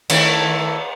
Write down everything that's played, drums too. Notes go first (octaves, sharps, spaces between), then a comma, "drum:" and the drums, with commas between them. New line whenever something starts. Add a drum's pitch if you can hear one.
D#3 A3 E4, drum: cymbal